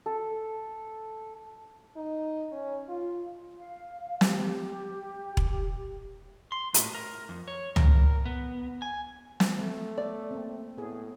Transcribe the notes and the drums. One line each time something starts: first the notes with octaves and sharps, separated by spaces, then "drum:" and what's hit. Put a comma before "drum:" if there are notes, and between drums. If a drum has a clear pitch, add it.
A4
D#4
C#4
F4
F5
G4, drum: snare
drum: kick E1
C6
A2, drum: hi-hat
A#4
F2
C#5
A#4, drum: tom C#2
B3
G#5
drum: snare
A3
B3 A4 D5
A#3 C4
A2 B3 G#4